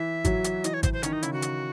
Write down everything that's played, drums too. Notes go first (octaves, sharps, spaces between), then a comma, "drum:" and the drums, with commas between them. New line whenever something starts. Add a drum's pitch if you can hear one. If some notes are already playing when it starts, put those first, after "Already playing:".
Already playing: E3 E5
F#3, drum: kick G#1, hi-hat
drum: hi-hat
E3 D#5, drum: hi-hat
C#5
C5, drum: kick G#1, hi-hat
C5
D#3 C#4, drum: hi-hat
D#4
C#3 E4, drum: hi-hat
F#4
drum: hi-hat